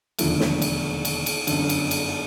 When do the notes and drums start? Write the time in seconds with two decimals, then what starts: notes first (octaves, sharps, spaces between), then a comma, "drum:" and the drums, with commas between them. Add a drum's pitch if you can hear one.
0.19 E1 D#2 D3 F3 A3, drum: cymbal
0.40 drum: snare
0.62 drum: cymbal
1.05 drum: cymbal
1.26 drum: cymbal
1.47 G1 F#2 D3, drum: cymbal
1.69 drum: cymbal
1.91 drum: cymbal